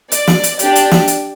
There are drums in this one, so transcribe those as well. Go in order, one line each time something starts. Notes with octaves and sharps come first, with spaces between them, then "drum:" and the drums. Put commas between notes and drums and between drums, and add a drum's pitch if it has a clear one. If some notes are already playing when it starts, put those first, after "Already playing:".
D5, drum: hi-hat
drum: snare
drum: hi-hat
D4 G4 D5, drum: hi-hat
drum: hi-hat
drum: snare
drum: hi-hat